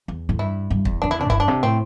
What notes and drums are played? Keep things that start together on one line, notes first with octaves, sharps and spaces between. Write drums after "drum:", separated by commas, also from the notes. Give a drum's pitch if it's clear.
E2
A2
G2 E4
G2
E2, drum: kick
E3 D4
D3 E4
C3
D4
A2
G2 E4, drum: kick
D4
C3
A2 C4